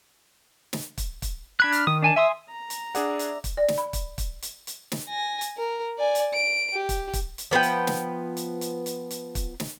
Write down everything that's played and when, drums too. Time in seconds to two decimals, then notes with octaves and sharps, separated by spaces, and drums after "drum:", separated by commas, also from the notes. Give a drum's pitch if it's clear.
0.73 drum: snare
0.98 drum: kick, hi-hat
1.22 drum: kick, hi-hat
1.60 D4 B5 F#6 G#6
1.72 F6, drum: hi-hat
1.87 D#3 D#6
2.02 D4 G#5 A5
2.16 E5 G#5 C6 D#6
2.49 A#5
2.70 drum: hi-hat
2.95 D4 G#4 D5 E5 F#5, drum: hi-hat
3.19 drum: hi-hat
3.44 drum: kick, hi-hat
3.57 D5
3.69 drum: snare
3.78 B5
3.93 drum: kick, hi-hat
4.18 drum: kick, hi-hat
4.42 drum: hi-hat
4.67 drum: hi-hat
4.92 drum: snare
5.09 G#5 A#6
5.41 drum: hi-hat
5.57 A#4
5.98 D5 G#5
6.15 drum: hi-hat
6.34 D7
6.73 G4
6.89 drum: kick, hi-hat
7.13 drum: kick, hi-hat
7.38 drum: hi-hat
7.51 F3 B3 B4 G5
7.63 drum: hi-hat
7.87 drum: snare
8.37 drum: hi-hat
8.61 drum: hi-hat
8.86 drum: hi-hat
9.11 drum: hi-hat
9.35 drum: kick, hi-hat
9.60 drum: snare